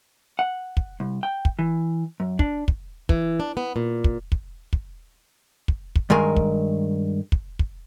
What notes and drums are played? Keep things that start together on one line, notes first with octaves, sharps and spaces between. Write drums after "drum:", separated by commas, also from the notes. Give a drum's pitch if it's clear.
F#5
drum: kick
C2
G5
drum: kick
E3
F#2
D4, drum: kick
drum: kick
E3, drum: kick
D4
B3
A#2
drum: kick
drum: kick
drum: kick
drum: kick
drum: kick
G2 D#3 G#3 A#4 G#5
drum: kick
drum: kick
drum: kick